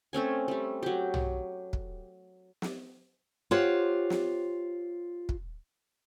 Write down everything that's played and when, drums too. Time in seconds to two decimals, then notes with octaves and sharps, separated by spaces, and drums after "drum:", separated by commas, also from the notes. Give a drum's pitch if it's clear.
0.13 A3 C4 C#4 G#5
0.48 G3 A3
0.83 F#3 G4
1.14 drum: tom
1.73 drum: kick
2.62 drum: snare
3.51 F4 G4 C5 C#5 F#5
4.10 drum: snare
5.29 drum: kick